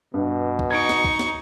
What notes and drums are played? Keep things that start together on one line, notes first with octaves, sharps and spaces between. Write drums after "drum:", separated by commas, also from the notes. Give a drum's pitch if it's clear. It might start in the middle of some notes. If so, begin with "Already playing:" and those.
G2 B2
drum: kick
D#4 C#6 G#6 C#7 D7
drum: snare
drum: kick
drum: snare